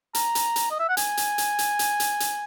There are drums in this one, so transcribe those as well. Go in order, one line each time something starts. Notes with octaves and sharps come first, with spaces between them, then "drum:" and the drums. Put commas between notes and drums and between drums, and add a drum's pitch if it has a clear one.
A#5, drum: hi-hat
drum: hi-hat
drum: hi-hat
D#5
E5
F#5
G#5, drum: hi-hat
drum: hi-hat
drum: hi-hat
drum: hi-hat
drum: hi-hat
drum: hi-hat
drum: hi-hat